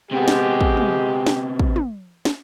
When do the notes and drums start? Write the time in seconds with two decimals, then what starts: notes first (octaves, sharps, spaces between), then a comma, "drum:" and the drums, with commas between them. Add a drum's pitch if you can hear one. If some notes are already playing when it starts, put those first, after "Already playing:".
0.11 C3 G#3 B3 G4
0.28 drum: snare
0.61 drum: kick
0.77 drum: tom
1.26 drum: snare
1.59 drum: kick
1.76 drum: tom
2.25 drum: snare